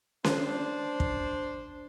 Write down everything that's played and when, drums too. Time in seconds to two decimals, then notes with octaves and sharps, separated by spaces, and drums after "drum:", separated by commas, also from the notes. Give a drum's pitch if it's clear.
0.24 D4 C5, drum: snare C#4
1.00 drum: kick